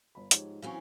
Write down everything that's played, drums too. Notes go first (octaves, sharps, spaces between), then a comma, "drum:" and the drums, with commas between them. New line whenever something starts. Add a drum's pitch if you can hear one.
G1 B5
G#2 F3 G4 C#5, drum: hi-hat
E3 F#3 C4 C#4 F5 C#6